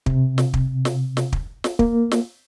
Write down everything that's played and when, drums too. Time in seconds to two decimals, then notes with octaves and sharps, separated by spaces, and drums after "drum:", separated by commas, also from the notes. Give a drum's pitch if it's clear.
0.06 C3, drum: kick
0.38 drum: snare
0.54 drum: kick
0.85 drum: snare
1.17 drum: snare
1.33 drum: kick
1.64 drum: snare
1.79 A#3, drum: kick
2.11 drum: snare